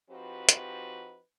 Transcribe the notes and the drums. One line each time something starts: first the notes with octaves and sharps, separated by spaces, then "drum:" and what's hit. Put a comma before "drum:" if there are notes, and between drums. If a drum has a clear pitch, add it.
F3 C4 D#4 F#4 G4 B4
drum: hi-hat